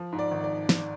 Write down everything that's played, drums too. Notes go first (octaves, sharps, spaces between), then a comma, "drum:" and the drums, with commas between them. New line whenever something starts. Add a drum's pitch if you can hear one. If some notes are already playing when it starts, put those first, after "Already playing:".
Already playing: F3
G#2
D5
G#1
D5
drum: snare